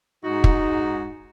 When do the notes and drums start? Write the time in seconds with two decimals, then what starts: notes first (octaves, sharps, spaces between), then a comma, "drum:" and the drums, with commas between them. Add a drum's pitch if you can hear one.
0.24 G#2 D#4 F#4
0.44 drum: kick